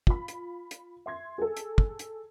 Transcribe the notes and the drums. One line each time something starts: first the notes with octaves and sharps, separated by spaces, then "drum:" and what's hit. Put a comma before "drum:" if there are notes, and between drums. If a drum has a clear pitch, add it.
F4 B5, drum: kick
drum: hi-hat
drum: hi-hat
E5 C6 G#6
G#4 A4
drum: hi-hat
drum: kick
drum: hi-hat